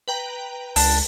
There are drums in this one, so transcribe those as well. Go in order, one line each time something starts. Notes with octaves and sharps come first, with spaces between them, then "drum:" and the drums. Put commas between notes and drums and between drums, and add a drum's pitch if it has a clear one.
B4 G5 A#5
C#2 D4, drum: open hi-hat